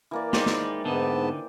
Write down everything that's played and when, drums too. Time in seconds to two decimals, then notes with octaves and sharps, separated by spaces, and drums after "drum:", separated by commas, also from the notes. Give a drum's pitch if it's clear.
0.11 E3 A#3 D5
0.33 G#3 D#4 G4 C5 D5, drum: snare
0.46 drum: snare
0.85 G#2 D3 B3 D#4 A5